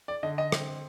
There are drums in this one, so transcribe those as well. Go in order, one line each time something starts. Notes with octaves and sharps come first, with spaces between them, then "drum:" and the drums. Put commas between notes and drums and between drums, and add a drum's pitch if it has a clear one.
D5
D3 D#5
D#5
C4, drum: rim click